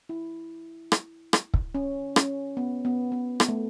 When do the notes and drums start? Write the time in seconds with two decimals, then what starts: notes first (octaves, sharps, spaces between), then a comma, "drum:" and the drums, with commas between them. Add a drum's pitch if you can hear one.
0.09 E4
0.92 drum: rim click
1.33 drum: rim click
1.54 drum: kick
1.75 C#4
2.16 C#4, drum: rim click
2.57 B3
2.85 B3
3.12 B3
3.40 B3, drum: rim click
3.49 A3